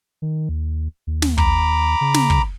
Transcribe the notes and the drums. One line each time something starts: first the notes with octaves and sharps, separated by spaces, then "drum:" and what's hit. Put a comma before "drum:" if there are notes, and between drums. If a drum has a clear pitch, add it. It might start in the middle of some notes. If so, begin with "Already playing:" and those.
D#3
D#2
D#2
drum: snare
A#5 B5 D6, drum: kick
C#3
drum: snare
drum: kick